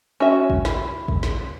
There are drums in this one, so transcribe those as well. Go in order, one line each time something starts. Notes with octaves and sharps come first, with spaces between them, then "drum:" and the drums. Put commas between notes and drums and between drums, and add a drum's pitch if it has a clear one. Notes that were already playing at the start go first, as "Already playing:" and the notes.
C#4 F#4 E5
drum: kick
E4, drum: snare
drum: kick
drum: snare